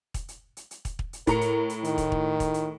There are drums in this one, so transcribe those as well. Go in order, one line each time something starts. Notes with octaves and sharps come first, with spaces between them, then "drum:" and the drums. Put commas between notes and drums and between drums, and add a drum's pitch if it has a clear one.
drum: kick, hi-hat
drum: hi-hat
drum: hi-hat
drum: hi-hat
drum: kick, hi-hat
drum: kick
drum: hi-hat
A2 A#4 A#5 C#7, drum: kick, hi-hat
drum: hi-hat
drum: hi-hat
D#3, drum: hi-hat
drum: kick, hi-hat
drum: kick
drum: kick, hi-hat
drum: hi-hat